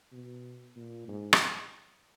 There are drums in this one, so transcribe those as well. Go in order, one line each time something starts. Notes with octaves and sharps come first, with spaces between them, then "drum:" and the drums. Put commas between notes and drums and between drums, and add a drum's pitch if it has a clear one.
B2
A#2
G#2
drum: rim click